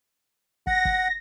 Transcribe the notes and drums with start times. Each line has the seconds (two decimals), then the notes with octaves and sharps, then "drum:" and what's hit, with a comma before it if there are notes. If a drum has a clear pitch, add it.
0.67 F#5 A#6, drum: kick
0.85 drum: kick